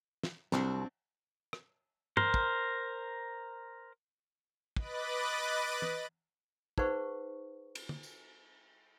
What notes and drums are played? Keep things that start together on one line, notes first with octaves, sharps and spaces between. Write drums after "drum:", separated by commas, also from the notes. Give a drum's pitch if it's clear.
drum: snare
C2 F#3 C4 D4, drum: snare
drum: rim click
A#4 C5, drum: tom
drum: kick
B4 D#5 B5 D6 F#6 A6, drum: kick
drum: tom
D#4 G#4 B4 C5 F#5 C#6, drum: kick
drum: cymbal
drum: tom
drum: tambourine